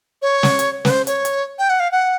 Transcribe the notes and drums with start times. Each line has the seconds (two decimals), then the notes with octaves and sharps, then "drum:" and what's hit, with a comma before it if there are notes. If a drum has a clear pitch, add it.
0.22 C#5
0.43 drum: snare
0.59 drum: hi-hat
0.85 B4, drum: snare
0.90 C5
1.07 C#5, drum: hi-hat
1.25 drum: hi-hat
1.59 G5
1.70 F#5
1.80 F5
1.92 F#5